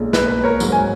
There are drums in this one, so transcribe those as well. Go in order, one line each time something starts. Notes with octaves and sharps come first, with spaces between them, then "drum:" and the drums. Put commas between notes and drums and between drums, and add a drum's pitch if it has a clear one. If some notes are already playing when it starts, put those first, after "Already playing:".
Already playing: B1 A#2 G#3 C#4
B4, drum: snare
B4
A#4 C#5
G#2 F#3 C#4, drum: tambourine
G#5